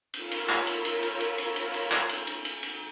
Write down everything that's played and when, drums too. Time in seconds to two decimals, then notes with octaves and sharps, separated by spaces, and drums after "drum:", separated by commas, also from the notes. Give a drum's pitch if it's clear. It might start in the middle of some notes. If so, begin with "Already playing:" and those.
0.14 F4 A#4 C#5 B5 E6, drum: cymbal
0.31 drum: cymbal
0.49 drum: clap
0.67 drum: cymbal
0.85 drum: cymbal
1.03 drum: cymbal
1.20 drum: cymbal
1.38 drum: cymbal
1.56 drum: cymbal
1.74 drum: cymbal
1.91 drum: clap
2.09 drum: cymbal
2.27 drum: cymbal
2.45 drum: cymbal
2.63 drum: cymbal